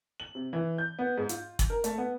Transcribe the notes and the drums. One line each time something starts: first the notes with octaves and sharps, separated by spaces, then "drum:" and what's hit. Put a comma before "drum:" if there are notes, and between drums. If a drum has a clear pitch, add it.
F#7
C3
E3
G6
B3
G#2
F4, drum: hi-hat
drum: kick, hi-hat
A#4
A3, drum: hi-hat
B3